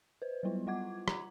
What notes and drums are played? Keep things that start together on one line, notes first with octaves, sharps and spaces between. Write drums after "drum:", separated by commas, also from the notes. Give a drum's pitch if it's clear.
B4 C5
F#3 G3 B3 E4 F4
G3 F4 F#5 D6 G#6
A#5, drum: rim click